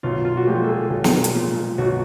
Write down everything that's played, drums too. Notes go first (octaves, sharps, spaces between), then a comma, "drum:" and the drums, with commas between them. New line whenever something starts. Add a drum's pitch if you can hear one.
B1 F4
F4
F#4
A#2 F3 G#3 G4
A4
G#4
B1
drum: snare
drum: hi-hat
A#2 F3 G#3
B1 F#4